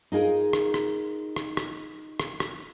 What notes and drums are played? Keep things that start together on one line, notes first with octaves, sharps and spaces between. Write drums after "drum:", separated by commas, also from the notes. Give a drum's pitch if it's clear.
D#4 F4 G#4 A#4
drum: rim click
drum: rim click
drum: rim click
drum: rim click
drum: rim click
drum: rim click